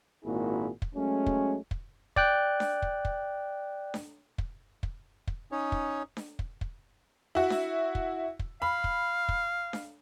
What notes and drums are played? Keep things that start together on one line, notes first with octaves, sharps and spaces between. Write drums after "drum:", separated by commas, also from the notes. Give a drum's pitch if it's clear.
G#1 A#2 A#3 E4 F#4 G#4
drum: kick
F#3 G#3 A3 C#4
drum: kick
drum: kick
D5 G5 F#6, drum: kick
drum: snare D4
drum: kick
drum: kick
drum: snare D4
drum: kick
drum: kick
drum: kick
C#4 D#4 C#5
drum: kick
drum: snare D4
drum: kick
drum: kick
E4 F#4
drum: snare D4
drum: kick
drum: kick
F5 B5
drum: kick
drum: kick
drum: snare D4